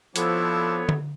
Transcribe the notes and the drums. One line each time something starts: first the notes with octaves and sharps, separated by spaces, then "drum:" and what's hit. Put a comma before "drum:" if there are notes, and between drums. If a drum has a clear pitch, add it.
F3 B3 C4 D4 E4 A4 C#5, drum: hi-hat
drum: tom D3